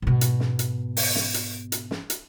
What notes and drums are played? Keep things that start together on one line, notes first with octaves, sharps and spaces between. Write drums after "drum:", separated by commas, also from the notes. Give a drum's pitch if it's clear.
G#2 B2
drum: hi-hat
drum: snare
drum: hi-hat
drum: open hi-hat
drum: snare
drum: hi-hat
drum: hi-hat
drum: snare
drum: hi-hat